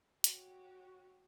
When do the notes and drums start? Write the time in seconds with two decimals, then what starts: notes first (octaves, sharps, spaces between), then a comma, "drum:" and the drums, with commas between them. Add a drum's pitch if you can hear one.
0.24 F#4 G4 C#5, drum: hi-hat